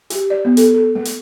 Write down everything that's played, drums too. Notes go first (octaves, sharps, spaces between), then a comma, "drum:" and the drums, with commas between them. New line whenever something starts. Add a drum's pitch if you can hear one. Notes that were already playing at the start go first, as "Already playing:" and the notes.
G4, drum: hi-hat
D5
B3
A4, drum: hi-hat
A4
A3
drum: hi-hat